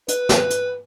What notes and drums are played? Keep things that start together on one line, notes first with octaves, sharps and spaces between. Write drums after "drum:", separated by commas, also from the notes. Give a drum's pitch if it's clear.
B4, drum: hi-hat
drum: snare
drum: hi-hat